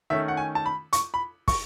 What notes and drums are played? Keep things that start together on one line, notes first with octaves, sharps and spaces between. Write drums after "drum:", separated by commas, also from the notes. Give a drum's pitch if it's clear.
D#3 A3 C#4 E5
F#5
G#5
A5
B5
C#6, drum: hi-hat
B5
C#6, drum: kick, open hi-hat